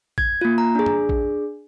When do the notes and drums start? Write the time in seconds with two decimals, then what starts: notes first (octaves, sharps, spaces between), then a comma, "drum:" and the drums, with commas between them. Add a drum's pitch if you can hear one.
0.18 G#6, drum: kick A1
0.41 A#3 F4
0.58 A#5
0.75 D4 G#4
0.86 drum: tom
1.09 drum: kick A1